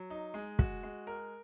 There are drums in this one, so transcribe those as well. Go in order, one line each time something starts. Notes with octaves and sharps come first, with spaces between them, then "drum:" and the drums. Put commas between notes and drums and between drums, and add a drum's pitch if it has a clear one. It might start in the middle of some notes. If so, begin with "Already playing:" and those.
Already playing: F#3
D#4
G#3
F#4, drum: kick
G#3
A#4